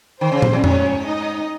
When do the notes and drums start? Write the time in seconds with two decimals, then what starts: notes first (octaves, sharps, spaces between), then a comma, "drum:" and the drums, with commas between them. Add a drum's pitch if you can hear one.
0.21 D#3 C5
0.32 C#3
0.42 drum: tom
0.53 F2
0.64 G#2 C#4 C#5, drum: tom F2
1.06 D#4 D#5